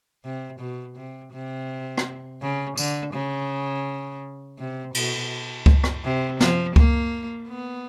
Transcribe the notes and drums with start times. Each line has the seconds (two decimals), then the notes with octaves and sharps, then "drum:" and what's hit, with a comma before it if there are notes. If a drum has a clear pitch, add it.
0.25 C3
0.60 B2
0.96 C3
1.33 C3
1.98 drum: rim click
2.42 C#3
2.77 D3, drum: tambourine
3.14 C#3
4.59 C3
4.94 B2, drum: cymbal
5.66 drum: kick C#2
5.84 drum: rim click
6.04 C3
6.40 F3, drum: snare
6.76 A#3, drum: kick C#2
7.48 B3